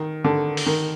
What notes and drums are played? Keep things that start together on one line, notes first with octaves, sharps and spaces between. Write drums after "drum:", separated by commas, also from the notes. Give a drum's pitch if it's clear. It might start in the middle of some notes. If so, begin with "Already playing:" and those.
Already playing: D#3
D3
drum: open hi-hat
D#3